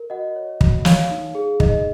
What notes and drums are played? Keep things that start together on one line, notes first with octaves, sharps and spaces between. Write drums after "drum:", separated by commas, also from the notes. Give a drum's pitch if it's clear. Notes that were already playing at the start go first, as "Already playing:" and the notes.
Already playing: A#4
F#4 D#5 F#5
C#5
F#4, drum: kick
C#5 F5, drum: snare
D#4
G#4
D#4 D#5, drum: kick